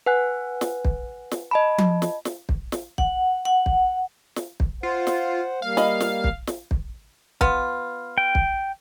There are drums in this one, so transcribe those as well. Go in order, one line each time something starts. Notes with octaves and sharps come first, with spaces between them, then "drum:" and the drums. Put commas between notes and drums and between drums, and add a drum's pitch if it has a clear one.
B4 F#5 G#5 F#6
drum: snare
drum: kick
drum: snare
D#5 A5 B5
drum: tom F3
drum: snare
drum: snare
drum: kick
drum: snare
F#5, drum: kick
F#5
drum: kick
drum: snare
drum: kick
F4 C5 F#5
drum: snare
G3 A#3 F5
D#5 B5, drum: snare
drum: snare
drum: kick
drum: snare
drum: kick
B3 F4, drum: kick
G5
drum: kick